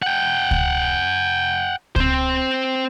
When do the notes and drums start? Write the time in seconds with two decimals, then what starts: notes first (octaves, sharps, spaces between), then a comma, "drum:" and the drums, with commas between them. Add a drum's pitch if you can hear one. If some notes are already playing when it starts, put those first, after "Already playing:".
0.03 F#5 G5
0.51 drum: kick C#2
1.96 C4 C5, drum: kick C#2